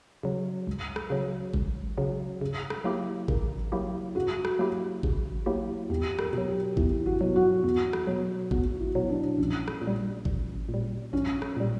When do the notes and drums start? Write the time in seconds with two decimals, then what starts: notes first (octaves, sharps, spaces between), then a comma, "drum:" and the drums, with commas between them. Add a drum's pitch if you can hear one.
0.23 C#3 F#3
0.67 C#2
0.96 drum: rim click
1.10 C#3 F#3
1.54 C#2, drum: kick G#1
1.98 C#3 F#3
2.41 C#3
2.70 drum: rim click
2.84 F#3 A#3 E4 G4
3.28 C#3 A#4, drum: kick G#1
3.72 F#3 A#3 E4 G4
4.15 C#3 F#4
4.45 drum: rim click
4.59 F#3 A#3 E4 G4
5.03 C#3, drum: kick G#1
5.46 F#3 A#3 E4 G4
5.90 E2 G4
6.19 A#4, drum: rim click
6.33 B2 F#3
6.48 G4
6.77 E2 E4, drum: kick G#1
7.06 F#4
7.21 B2 F#3
7.36 F#4
7.64 E2
7.93 drum: rim click
8.07 B2 F#3
8.51 E2 F#4, drum: kick G#1
8.80 E4
8.95 B2 F#3
9.10 D4
9.38 A#1 C#4
9.68 drum: rim click
9.82 A#2
9.87 G3
10.25 A#1, drum: kick G#1
10.69 A#2
10.74 G3
11.13 A#1 C#4
11.42 drum: rim click
11.57 A#2 G3